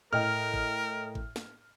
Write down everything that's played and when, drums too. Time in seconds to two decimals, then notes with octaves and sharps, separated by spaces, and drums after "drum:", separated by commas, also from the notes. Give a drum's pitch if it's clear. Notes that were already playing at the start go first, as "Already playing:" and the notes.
0.13 A2 A#4 D#5 G5 F6
0.54 drum: kick G#1
1.15 drum: kick G#1
1.36 drum: snare